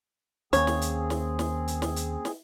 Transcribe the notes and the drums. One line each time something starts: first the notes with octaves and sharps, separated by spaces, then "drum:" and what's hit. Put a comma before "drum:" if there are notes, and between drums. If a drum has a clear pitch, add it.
D#2 A#3 C4 C#4 G#4 C#5, drum: hi-hat
drum: snare
drum: hi-hat
drum: snare
drum: snare
drum: hi-hat
drum: snare
drum: hi-hat
drum: snare